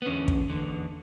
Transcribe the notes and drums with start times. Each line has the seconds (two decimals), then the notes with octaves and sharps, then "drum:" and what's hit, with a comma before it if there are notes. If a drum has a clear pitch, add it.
0.02 B3
0.06 E2 D3 C#4
0.28 drum: kick
0.50 E2 D3